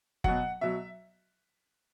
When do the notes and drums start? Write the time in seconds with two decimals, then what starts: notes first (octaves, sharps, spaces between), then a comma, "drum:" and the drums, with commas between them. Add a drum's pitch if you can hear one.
0.24 B2 F#3 F#5, drum: kick F#1
0.61 B2 F#3 E5